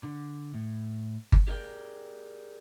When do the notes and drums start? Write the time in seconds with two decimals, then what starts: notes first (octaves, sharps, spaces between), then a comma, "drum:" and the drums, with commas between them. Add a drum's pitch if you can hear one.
0.03 D3
0.54 A2
1.32 drum: kick G1
1.47 G4 G#4 A#4 D5 D#5 G5